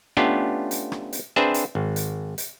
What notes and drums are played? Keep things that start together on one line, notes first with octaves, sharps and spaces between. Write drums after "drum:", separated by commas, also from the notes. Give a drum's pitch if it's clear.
A3 B3 C#4 D4 F4 G4
drum: hi-hat
drum: rim click
drum: hi-hat
C4 D4 G#4 B4 C5 E5
drum: hi-hat
G#1
drum: hi-hat
drum: hi-hat